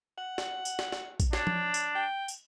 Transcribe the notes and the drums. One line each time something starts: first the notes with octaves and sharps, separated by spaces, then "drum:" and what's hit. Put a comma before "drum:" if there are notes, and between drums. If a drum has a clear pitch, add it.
F#5
drum: snare
drum: tambourine
drum: snare
drum: snare
drum: kick, tambourine
D4 C#5, drum: snare
drum: tom F3
drum: tambourine
G5
drum: tambourine